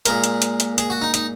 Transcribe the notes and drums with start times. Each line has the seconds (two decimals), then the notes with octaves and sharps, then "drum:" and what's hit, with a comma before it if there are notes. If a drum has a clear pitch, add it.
0.05 A#2 G#3 A#4, drum: hi-hat
0.24 drum: hi-hat
0.42 drum: hi-hat
0.60 drum: hi-hat
0.78 G#4, drum: hi-hat
0.90 F#4
1.02 D#4
1.14 D#4, drum: hi-hat